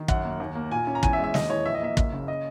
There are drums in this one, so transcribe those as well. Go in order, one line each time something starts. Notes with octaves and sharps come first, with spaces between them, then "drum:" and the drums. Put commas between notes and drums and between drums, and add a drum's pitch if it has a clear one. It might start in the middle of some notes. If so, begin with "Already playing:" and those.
Already playing: D#3
F#2 F#5, drum: kick
A#3
D#2
A#3
A#2 G#5
C#4
A#5
E2 G#5, drum: kick
E5
G#3
E5
D#2 D#5, drum: snare
E3 C#5
A#1 E5
D#5
A#3 E5
F#1, drum: kick
C#3
D#5